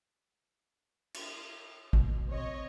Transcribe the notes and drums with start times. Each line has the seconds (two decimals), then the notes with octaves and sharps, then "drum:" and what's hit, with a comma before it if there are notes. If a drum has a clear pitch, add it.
1.14 drum: cymbal
1.93 B2, drum: kick A1
2.28 C4 C#5 D#5